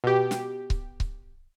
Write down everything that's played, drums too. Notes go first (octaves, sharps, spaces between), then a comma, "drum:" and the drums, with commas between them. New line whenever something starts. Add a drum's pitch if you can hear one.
B2 G4
drum: snare
drum: kick C#1
drum: kick C#1